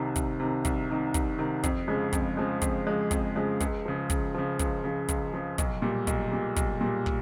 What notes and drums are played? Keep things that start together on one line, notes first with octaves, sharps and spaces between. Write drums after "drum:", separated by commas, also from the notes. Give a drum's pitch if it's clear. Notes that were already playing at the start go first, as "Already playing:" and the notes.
Already playing: C2 C3 D#3
C2, drum: kick, hi-hat
C3 D#3
C2, drum: kick, hi-hat
C3 D#3
C2, drum: kick, hi-hat
C3 D#3
F2, drum: kick, hi-hat
C#3 F3 G#3
F2, drum: kick, hi-hat
C#3 F3 G#3
F2, drum: kick, hi-hat
C#3 F3 G#3
F2, drum: kick, hi-hat
C#3 F3 G#3
C#2, drum: kick, hi-hat
C#3 F3
C#2, drum: kick, hi-hat
C#3 F3
C#2, drum: kick, hi-hat
C#3 F3
C#2, drum: kick, hi-hat
C#3 F3
B1, drum: kick, hi-hat
A#2 G3
B1, drum: kick, hi-hat
A#2 G3
B1, drum: kick, hi-hat
A#2 G3
drum: kick